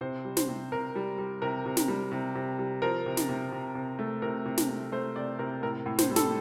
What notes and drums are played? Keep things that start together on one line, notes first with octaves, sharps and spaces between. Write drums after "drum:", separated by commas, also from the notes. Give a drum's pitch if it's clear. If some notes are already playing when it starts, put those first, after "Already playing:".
C3 C5
G3
C5, drum: snare
C3
C3 A#4
G3
G3
C3 A#4
C3
drum: snare
G3
C3
C3
G3
F3 A#4
C3
drum: snare
C3
C3
C3
A3
C3 A#4
C3
drum: snare
C3
A3 C5
C3 D5
C3 A#4
A2 A#4
A2
C5, drum: snare
G3
A4, drum: snare